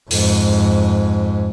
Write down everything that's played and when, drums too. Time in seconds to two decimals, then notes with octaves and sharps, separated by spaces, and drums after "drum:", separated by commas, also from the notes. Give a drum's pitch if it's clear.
0.11 F2 G#2, drum: open hi-hat